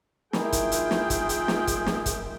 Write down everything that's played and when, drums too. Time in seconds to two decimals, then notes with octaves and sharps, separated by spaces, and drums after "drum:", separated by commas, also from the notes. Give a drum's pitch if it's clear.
0.33 D#3 E4 F4 G#4 E5 G5, drum: snare
0.52 drum: kick, hi-hat
0.72 drum: hi-hat
0.91 drum: snare
1.10 drum: kick, hi-hat
1.29 drum: hi-hat
1.48 drum: snare
1.67 drum: kick, hi-hat
1.86 drum: snare
2.06 drum: kick, hi-hat